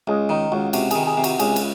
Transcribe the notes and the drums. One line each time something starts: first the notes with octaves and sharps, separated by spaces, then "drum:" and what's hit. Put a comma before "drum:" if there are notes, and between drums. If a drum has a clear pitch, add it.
C#2 G#3
D#3 D#4
C#2 F#4
C3 F#4, drum: cymbal
D#3 G#4, drum: cymbal
G#4
C3
F#4, drum: cymbal
C#2 G#4, drum: cymbal
drum: cymbal